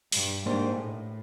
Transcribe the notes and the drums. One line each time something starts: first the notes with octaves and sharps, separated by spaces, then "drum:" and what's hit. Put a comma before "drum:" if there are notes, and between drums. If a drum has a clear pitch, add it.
G2, drum: open hi-hat
G#2 A#3 D4 G4 C5
A2